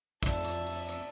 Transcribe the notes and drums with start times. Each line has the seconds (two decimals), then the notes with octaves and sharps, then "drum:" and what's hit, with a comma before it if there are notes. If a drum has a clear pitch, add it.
0.23 F2 D5 E5 A5, drum: kick, open hi-hat
0.45 drum: hi-hat
0.67 drum: open hi-hat
0.89 drum: hi-hat